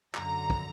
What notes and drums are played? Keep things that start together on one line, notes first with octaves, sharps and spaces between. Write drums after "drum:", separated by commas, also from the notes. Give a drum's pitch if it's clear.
F#2 D3 A#5, drum: clap
drum: kick